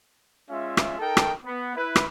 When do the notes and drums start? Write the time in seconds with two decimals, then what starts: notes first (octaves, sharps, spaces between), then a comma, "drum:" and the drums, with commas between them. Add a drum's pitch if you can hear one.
0.50 G#3 C#4 F4 E5
0.77 drum: rim click
0.99 D#4 A4 A#4 G5 A5
1.17 drum: rim click
1.44 B3
1.76 E4 B4
1.96 drum: rim click